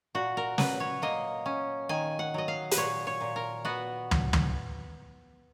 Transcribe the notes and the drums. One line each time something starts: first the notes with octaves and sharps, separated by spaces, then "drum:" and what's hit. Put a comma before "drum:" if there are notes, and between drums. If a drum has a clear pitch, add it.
A#2 F#4
A#4
F#3 B4, drum: snare
C#5
A#3 D#5
C#4
D#3 G#5
F#5
F#3 D#5
F5
B4, drum: hi-hat
A#2 C#5
C#5
A#2
A#4
B3 F#4
drum: tom
drum: tom